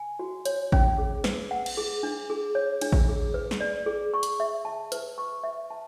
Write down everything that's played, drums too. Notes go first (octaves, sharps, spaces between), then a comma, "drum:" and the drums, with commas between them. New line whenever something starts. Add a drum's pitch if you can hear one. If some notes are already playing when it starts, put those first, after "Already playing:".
Already playing: G#5
F#4
C#5, drum: hi-hat
C#4, drum: kick A1
G#4
B4, drum: snare
F#5
drum: cymbal
G#4
D4
G#4
C#5
D4, drum: cymbal
drum: kick A1
G#4
B4
drum: snare
D5
G#4
C#6
drum: hi-hat
E5
A5
B4, drum: hi-hat
C#6
E5
A5